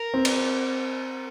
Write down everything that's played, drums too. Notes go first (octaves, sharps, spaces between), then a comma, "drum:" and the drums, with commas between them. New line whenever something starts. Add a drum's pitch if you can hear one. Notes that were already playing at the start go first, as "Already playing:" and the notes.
Already playing: A#4
C4
drum: cymbal